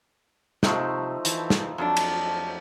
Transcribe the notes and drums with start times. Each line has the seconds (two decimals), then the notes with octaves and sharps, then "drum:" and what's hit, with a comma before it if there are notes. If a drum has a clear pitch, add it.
0.63 C3 F3 A3 D#4, drum: snare
1.25 E3, drum: hi-hat
1.50 drum: snare
1.78 F2 F#3 D4
1.97 drum: cymbal